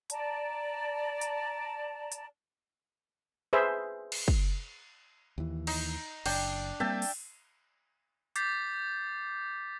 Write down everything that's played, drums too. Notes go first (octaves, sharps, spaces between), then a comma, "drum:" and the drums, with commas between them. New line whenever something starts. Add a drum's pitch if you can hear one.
D5 A5 A#5, drum: hi-hat
drum: hi-hat
drum: hi-hat
G#4 B4 C5 E5
drum: cymbal
drum: kick
D#2 E3
D#4, drum: cymbal
F#1 D4 G5, drum: cymbal
G3 A#3 C4 E5 G5 A5
drum: open hi-hat
D6 G6 A6 B6 C7, drum: hi-hat